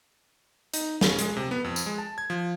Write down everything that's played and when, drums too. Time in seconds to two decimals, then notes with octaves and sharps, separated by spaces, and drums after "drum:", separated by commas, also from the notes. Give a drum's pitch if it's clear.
0.74 D#4, drum: hi-hat
1.01 C#4, drum: snare
1.19 G#3, drum: hi-hat
1.37 C3
1.51 B3
1.64 F2
1.76 drum: tambourine
1.86 G#3
1.98 A5
2.18 G#6
2.30 F3